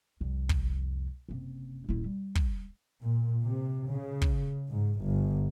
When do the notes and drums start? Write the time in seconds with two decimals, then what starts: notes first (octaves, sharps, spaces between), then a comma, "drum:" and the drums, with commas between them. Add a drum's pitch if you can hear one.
0.21 C2 F2
0.49 drum: kick
1.29 F#1 C3
1.89 D#1 E4
2.04 G3
2.35 drum: kick
3.03 A#2
3.43 C3
3.88 C#3
4.22 drum: kick
4.69 G#2
5.00 G1